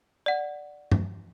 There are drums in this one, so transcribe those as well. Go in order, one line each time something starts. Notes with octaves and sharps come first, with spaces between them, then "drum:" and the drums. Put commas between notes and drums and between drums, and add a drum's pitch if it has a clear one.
D5 F#5
drum: tom G2